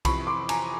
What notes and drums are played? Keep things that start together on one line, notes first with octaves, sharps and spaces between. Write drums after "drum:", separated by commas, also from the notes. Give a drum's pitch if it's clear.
F2 C3 E3 B5 C#6, drum: kick B1, cymbal
C6 D6
G#5 A#5, drum: cymbal